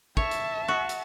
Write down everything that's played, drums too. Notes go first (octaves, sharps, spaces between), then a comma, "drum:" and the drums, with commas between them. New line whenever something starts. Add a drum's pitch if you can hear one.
C#5 E5 A5, drum: kick
drum: hi-hat
F#4
drum: hi-hat